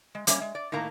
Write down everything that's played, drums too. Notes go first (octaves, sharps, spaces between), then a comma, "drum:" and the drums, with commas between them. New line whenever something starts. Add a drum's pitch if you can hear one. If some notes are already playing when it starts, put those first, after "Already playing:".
G#3
G3 A#3 C#4 E5, drum: hi-hat
G#3
D5
A2 D#3 A#3 A#5